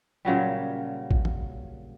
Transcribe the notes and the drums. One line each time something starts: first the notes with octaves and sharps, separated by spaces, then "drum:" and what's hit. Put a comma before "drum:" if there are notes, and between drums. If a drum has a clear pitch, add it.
A#2 C#3 F#3 G3
drum: kick A1
drum: tom